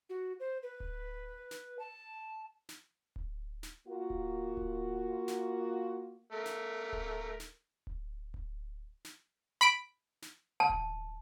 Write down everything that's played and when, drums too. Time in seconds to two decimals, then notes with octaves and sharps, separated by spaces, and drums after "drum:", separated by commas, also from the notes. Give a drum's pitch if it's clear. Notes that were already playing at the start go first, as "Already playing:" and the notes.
0.10 F#4
0.40 C5
0.63 B4
0.80 drum: kick D1
1.51 drum: snare
1.79 A5
2.69 drum: snare
3.16 drum: kick D1
3.63 drum: snare
3.88 A#3 F4 F#4
4.10 drum: kick D1
4.57 drum: kick D1
5.28 drum: snare
6.32 A3 A#4
6.45 drum: snare
6.93 drum: kick D1
7.40 drum: snare
7.87 drum: kick D1
8.34 drum: kick D1
9.05 drum: snare
9.61 B5 B6 D7
10.22 drum: snare
10.60 A5
10.69 drum: kick D1